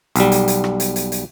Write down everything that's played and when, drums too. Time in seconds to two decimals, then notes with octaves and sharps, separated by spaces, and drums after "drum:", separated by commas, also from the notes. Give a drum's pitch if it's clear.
0.16 B1 G3, drum: hi-hat
0.32 drum: hi-hat
0.48 drum: hi-hat
0.64 drum: rim click
0.80 drum: hi-hat
0.96 drum: hi-hat
1.12 drum: hi-hat